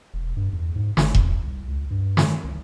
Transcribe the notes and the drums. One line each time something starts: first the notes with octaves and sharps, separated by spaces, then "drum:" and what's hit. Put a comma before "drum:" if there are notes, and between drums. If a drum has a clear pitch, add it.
E1
G2
E2
G#2
G1, drum: snare
E2, drum: kick E1
C2
C#2
G2
drum: snare
D#3
C2